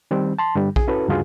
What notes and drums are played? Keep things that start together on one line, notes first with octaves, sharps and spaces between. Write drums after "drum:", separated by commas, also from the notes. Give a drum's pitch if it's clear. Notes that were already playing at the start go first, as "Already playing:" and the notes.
D#3 G3 C4
A5 C6
G2 D3 G3
G#4, drum: kick A#1
C#4 E4 F#4 A4 B4
D2 G2 C#3 F4 F#4 G#4